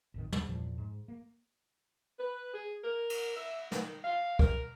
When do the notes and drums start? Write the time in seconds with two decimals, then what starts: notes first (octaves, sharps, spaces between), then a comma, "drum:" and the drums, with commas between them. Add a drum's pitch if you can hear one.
0.14 A1 F2 D#3
0.32 D#2 D3 A#3 D4, drum: tom
0.49 E2 G2 A#2 F3
0.78 G#2
1.08 A#3
2.19 B4
2.54 G#4
2.84 A#4
3.10 drum: cymbal
3.37 E5
3.72 D#3, drum: snare
4.05 F5
4.39 A#4, drum: kick